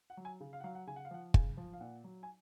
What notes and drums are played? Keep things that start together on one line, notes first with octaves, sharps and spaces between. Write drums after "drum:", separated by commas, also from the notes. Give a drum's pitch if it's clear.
F#5
F#3
G#5
C#3
F5
F#5
F#3 F5
F#5
C#3 G#5
F#5
F5
F3 F#5
C#3 G#5, drum: kick
F3
F5
A#2 F#5
F#3
G#5